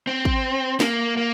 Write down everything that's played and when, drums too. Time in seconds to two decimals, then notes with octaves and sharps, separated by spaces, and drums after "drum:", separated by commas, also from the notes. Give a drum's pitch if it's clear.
0.07 C4
0.25 drum: kick
0.80 A#3, drum: snare
1.17 A#3